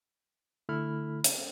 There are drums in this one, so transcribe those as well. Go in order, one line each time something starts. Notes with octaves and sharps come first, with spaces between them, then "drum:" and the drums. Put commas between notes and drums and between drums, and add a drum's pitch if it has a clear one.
D3 A3 E4 A4 B5 F6
drum: hi-hat